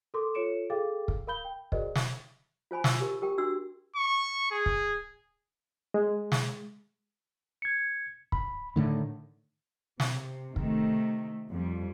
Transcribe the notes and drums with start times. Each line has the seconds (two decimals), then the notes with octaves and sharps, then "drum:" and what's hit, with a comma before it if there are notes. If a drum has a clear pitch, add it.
0.14 A4 A#4 C6 D6
0.35 F4 A4 C#5 C#7 D7 E7
0.70 G#4 A4 F5 G5 D6 A6
1.08 drum: kick
1.27 A#4 F5 B5 G6 G7
1.45 G5
1.72 F#4 G#4 A#4 C5 D5 D#5, drum: kick
1.95 drum: snare
2.71 F4 C5 G#5 B5
2.84 E6, drum: snare
3.00 G4 A#4
3.22 G4 A#4 G5
3.38 D4 F#4 E6
3.96 C#6
4.51 G#4
4.66 drum: kick
5.94 G#3
6.32 drum: snare
7.62 G#6 C#7
8.32 B5, drum: kick
8.76 A2 D3 D#3 A3
10.00 C3, drum: snare
10.56 C3 D#3 A3, drum: kick
11.51 F2 G3